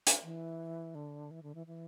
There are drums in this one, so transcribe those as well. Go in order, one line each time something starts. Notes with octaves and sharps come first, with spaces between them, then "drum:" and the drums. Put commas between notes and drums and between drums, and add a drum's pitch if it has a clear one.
drum: hi-hat
E3
D3
E3
D3
E3
E3